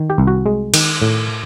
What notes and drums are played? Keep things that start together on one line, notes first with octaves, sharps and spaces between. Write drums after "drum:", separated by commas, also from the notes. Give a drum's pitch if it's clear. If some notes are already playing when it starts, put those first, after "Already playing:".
Already playing: D#3
G4
C2
F#4
G#3
D#3, drum: cymbal
A2